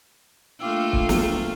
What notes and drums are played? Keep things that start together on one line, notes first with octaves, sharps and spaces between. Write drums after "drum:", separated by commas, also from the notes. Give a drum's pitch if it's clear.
A3 A#3 D4 F4 G5 E6
drum: kick C#1
drum: snare